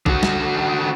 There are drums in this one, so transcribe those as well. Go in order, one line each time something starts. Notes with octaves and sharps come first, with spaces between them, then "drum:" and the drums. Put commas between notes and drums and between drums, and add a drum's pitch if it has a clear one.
D3 F#4, drum: kick
drum: snare